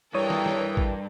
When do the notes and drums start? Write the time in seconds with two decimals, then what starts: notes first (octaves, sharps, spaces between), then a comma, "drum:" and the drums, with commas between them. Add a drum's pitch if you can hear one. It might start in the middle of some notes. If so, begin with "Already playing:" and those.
0.14 G2 E3 A4 A#4 C#5 G5 D#6
0.30 drum: snare
0.46 drum: snare
0.77 drum: kick A1